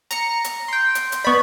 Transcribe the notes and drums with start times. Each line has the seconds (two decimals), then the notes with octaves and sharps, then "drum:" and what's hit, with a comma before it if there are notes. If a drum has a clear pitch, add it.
0.11 A#5 C#7, drum: hi-hat
0.44 drum: hi-hat
0.68 G5 C6
0.95 drum: hi-hat
1.12 drum: hi-hat
1.24 B3 D5 B5 C#6